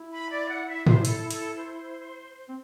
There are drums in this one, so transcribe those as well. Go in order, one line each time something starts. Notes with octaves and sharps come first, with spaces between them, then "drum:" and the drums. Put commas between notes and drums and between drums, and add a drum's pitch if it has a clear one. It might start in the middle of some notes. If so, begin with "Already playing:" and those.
Already playing: E4
B5
D5
F#5
E5
C5, drum: tom G#2
A4, drum: hi-hat
A4, drum: hi-hat
C5
C4